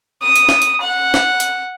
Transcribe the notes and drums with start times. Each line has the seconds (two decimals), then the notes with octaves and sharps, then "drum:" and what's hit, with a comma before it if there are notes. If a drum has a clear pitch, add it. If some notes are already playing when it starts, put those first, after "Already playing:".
0.23 D#6
0.36 drum: hi-hat
0.49 drum: snare
0.62 drum: hi-hat
0.81 F#5
1.14 drum: snare
1.40 drum: hi-hat